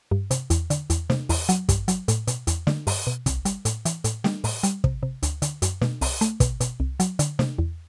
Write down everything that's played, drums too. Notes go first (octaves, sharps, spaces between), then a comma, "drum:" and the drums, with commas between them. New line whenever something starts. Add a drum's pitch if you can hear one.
G2
C3, drum: hi-hat
E2, drum: hi-hat
D3, drum: hi-hat
E2, drum: hi-hat
C3, drum: snare
E2, drum: open hi-hat
F#3, drum: hi-hat
G2, drum: kick, hi-hat
F#3, drum: hi-hat
A2, drum: hi-hat
B2, drum: hi-hat
E2, drum: hi-hat
D3, drum: snare
G2, drum: open hi-hat
B2
C2, drum: kick, hi-hat
G3, drum: hi-hat
A2, drum: hi-hat
E3, drum: hi-hat
A2, drum: hi-hat
G3, drum: snare
A2, drum: open hi-hat
G3, drum: hi-hat
C3, drum: kick
C3
D2, drum: hi-hat
D3, drum: hi-hat
F#2, drum: hi-hat
B2, drum: snare
C2, drum: open hi-hat
A3, drum: hi-hat
B2, drum: kick, hi-hat
B2, drum: hi-hat
C2
F#3, drum: hi-hat
D3, drum: hi-hat
C3, drum: snare
E2